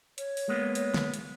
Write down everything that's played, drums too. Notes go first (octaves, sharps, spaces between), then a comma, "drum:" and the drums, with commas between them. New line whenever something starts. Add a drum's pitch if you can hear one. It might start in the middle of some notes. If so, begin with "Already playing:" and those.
C#5, drum: hi-hat
drum: open hi-hat
G#3 A#3 B3
drum: hi-hat
drum: snare
drum: hi-hat